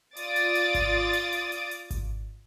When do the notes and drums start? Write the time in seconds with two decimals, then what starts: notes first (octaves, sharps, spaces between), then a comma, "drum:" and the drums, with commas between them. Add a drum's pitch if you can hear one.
0.17 F4 D5 D#6 A6 D7, drum: hi-hat
0.36 drum: hi-hat
0.55 drum: hi-hat
0.74 drum: kick G#1, hi-hat
1.13 drum: hi-hat
1.32 drum: hi-hat
1.52 drum: hi-hat
1.71 drum: hi-hat
1.90 drum: kick G#1, hi-hat